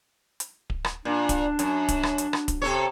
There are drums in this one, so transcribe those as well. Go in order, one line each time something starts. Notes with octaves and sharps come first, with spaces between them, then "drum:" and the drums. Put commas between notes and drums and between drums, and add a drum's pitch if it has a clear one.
drum: hi-hat
drum: kick D1
drum: rim click
A#2 D4
drum: kick D1, hi-hat
F#2, drum: hi-hat
drum: kick D1, hi-hat
drum: rim click
drum: hi-hat
drum: rim click
drum: kick D1, hi-hat
C3 A4 C#5